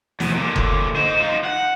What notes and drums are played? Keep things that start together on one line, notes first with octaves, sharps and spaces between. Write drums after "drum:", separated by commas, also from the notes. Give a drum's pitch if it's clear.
E2 C3, drum: snare
A#2 D3
drum: kick F1
D#4 C5
D#4 F4
F#5